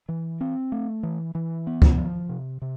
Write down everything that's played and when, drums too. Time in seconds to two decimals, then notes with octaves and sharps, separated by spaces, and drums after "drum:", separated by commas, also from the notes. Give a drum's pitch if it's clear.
0.09 E3
0.41 C4
0.72 A3
1.03 E3
1.35 E3
1.67 B3
1.82 drum: kick
1.98 F3
2.29 C3
2.62 C3